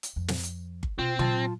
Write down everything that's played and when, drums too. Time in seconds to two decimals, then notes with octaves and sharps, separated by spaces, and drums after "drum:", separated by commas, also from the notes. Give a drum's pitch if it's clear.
0.03 drum: hi-hat
0.16 F2
0.28 drum: snare
0.43 drum: hi-hat
0.83 drum: kick G1
0.99 B2 C4 F4
1.19 F#3 F4 A5, drum: tom